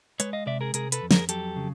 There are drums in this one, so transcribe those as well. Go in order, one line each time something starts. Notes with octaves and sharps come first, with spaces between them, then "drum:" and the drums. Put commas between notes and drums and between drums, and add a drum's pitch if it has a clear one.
G#3 B4 C#5, drum: hi-hat
D#5 F5
C3 D5 E5
G#4 A#4
C3 G#4 A#4, drum: hi-hat
A4 B4, drum: hi-hat
F2
G#4 A#4, drum: snare
F#3 G4 A4, drum: hi-hat
C#3